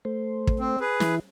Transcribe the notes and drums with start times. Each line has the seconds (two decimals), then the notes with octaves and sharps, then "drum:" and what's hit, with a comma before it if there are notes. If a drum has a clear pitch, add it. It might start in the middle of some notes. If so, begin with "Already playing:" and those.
0.05 A3 C5
0.47 drum: kick
0.59 C4
0.80 G#4 B4
1.00 E3 E4, drum: snare